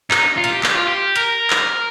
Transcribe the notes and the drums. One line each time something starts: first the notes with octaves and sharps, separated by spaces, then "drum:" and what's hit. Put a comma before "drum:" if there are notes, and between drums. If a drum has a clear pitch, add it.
D#4, drum: clap
F4
A#4, drum: hi-hat
G4
G4, drum: clap
F4
G4
A#4, drum: hi-hat
drum: clap